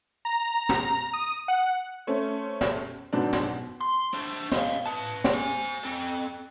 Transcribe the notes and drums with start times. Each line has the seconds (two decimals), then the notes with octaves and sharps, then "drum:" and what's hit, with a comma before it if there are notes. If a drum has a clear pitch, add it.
0.25 A#5
0.69 drum: snare
1.13 D#6
1.48 F#5
2.07 A3 C#4 C5
2.61 drum: snare
3.13 G#2 B2 F#3 D4
3.33 drum: snare
3.81 C6
4.13 D4 C5
4.51 D#5 F5, drum: snare
4.86 B4 A5
5.24 drum: snare
5.34 C5 G#5
5.83 C4 A4